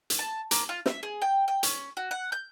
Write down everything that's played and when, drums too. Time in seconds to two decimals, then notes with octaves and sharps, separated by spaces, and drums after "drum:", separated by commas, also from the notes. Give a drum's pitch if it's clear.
0.10 drum: hi-hat
0.19 A5
0.51 A#3, drum: hi-hat
0.69 F4
0.86 E5, drum: snare
1.03 G#4
1.22 G5
1.48 G5
1.63 C#4, drum: hi-hat
1.97 F#4
2.11 F#5
2.32 G6